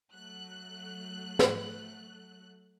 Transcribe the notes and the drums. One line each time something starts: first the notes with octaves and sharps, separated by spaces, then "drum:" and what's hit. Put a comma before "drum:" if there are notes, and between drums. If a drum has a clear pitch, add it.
F#3 A3 F#6
drum: snare